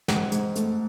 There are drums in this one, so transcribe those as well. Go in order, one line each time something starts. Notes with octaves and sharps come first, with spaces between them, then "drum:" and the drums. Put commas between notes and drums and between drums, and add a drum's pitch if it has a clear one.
G#2 F#5, drum: snare
G#2, drum: hi-hat
A3, drum: hi-hat